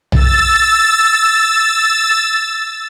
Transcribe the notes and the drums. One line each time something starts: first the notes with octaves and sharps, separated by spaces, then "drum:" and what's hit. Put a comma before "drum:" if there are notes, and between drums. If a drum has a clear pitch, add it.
E6 A6, drum: tom B1